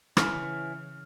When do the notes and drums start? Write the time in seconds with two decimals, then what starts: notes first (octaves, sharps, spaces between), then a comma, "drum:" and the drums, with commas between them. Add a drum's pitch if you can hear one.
0.17 C#3 E3 C#4 E4 B4 F6, drum: rim click